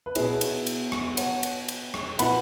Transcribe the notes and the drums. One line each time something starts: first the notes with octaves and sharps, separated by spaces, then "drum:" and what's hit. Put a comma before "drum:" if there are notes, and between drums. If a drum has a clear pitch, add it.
B4
B2 B3 E4 G#4 C#5, drum: cymbal
drum: cymbal
drum: cymbal
drum: rim click
C#5 F#5, drum: cymbal
drum: cymbal
drum: cymbal
drum: rim click
B2 B3 E4 F#5 B5, drum: cymbal